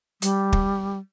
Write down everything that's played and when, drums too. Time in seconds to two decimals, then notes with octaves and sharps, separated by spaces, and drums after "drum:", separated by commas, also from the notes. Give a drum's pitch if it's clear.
0.22 G3, drum: hi-hat
0.53 drum: kick